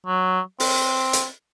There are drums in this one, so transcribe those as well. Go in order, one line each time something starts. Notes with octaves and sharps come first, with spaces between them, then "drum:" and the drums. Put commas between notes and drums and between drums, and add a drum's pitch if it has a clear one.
F#3
C4, drum: open hi-hat
drum: hi-hat